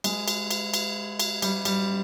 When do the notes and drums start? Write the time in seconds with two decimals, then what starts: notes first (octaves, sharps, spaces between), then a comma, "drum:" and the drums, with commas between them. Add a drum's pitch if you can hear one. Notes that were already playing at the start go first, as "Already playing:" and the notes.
0.04 G#3, drum: cymbal
0.28 drum: cymbal
0.51 drum: cymbal
0.74 drum: cymbal
1.20 drum: cymbal
1.42 G3, drum: cymbal
1.65 G3, drum: cymbal